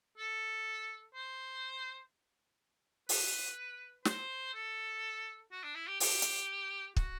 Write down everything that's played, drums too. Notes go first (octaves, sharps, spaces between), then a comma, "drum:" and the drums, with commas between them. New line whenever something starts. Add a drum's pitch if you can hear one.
A4
C5
B4, drum: open hi-hat
C5, drum: snare
A4
F#4
D4
E4
G4
G4, drum: open hi-hat
drum: hi-hat
F#4, drum: kick